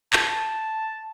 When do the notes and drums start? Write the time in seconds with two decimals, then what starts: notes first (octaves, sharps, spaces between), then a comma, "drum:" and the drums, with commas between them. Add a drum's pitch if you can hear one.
0.13 A5, drum: clap